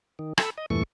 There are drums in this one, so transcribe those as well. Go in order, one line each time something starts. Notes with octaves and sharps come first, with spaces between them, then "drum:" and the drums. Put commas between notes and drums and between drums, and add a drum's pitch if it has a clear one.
D#3
A4 B5 E6, drum: rim click
D#5
E2 G2 A#2 E3 A3 C#6